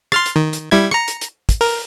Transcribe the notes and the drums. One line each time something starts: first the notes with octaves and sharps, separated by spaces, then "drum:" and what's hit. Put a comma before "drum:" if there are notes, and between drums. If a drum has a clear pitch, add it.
C6 F6 A6, drum: rim click
drum: hi-hat
D#3
drum: hi-hat
G3 E4 G#6
A#5 C#7, drum: rim click
drum: hi-hat
drum: hi-hat
drum: kick, hi-hat
A#4, drum: open hi-hat